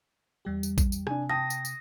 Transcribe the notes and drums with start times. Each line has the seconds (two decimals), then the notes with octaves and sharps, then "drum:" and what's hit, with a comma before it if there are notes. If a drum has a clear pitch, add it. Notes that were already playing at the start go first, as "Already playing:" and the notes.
0.45 E2 G3 G4
0.63 drum: tambourine
0.78 drum: kick A1, tambourine
0.92 drum: tambourine
1.07 C3 D4 G#5, drum: rim click
1.30 G5 A5 D#6 A#6
1.50 drum: tambourine
1.65 drum: tambourine